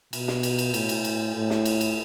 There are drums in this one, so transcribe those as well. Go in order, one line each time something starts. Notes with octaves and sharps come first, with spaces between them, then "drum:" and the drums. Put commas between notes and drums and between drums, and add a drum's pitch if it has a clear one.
B2, drum: cymbal
drum: snare
drum: cymbal
drum: cymbal
A2, drum: cymbal
drum: cymbal
drum: cymbal
A2
drum: snare
drum: cymbal
drum: cymbal